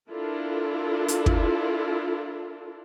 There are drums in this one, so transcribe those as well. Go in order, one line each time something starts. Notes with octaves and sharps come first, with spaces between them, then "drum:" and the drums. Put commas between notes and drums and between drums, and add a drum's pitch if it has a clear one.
D4 E4 F4 A4 A#4
drum: hi-hat
drum: kick